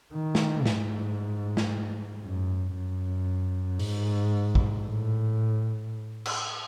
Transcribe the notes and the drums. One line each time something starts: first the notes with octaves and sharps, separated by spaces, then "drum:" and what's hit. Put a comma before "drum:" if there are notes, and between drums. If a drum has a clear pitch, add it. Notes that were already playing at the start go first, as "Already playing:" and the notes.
D#3
drum: snare
G#2, drum: snare
drum: snare
F#2
F#2
G#2, drum: open hi-hat
drum: kick
A2
drum: cymbal